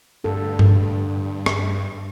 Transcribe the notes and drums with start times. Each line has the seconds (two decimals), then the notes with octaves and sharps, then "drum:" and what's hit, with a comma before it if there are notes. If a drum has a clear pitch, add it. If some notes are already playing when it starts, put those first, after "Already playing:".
0.24 G2 D3 A4
0.59 drum: tom G2
1.46 drum: rim click